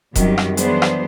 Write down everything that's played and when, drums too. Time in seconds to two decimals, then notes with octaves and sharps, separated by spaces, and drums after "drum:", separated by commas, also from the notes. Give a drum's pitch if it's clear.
0.15 F#2 C3 D#3 F#3 G3 G4, drum: kick E1, hi-hat
0.38 drum: rim click
0.57 E3 F#3 B3 D4 G#4 C5, drum: hi-hat
0.82 drum: rim click